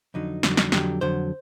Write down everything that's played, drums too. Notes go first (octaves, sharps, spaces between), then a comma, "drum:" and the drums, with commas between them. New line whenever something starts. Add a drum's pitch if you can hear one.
F2 D3 F#3 D#4
F2 D3 F#3, drum: snare
drum: snare
F2 D3 F#3 G4, drum: snare
F2 D3 F#3 C5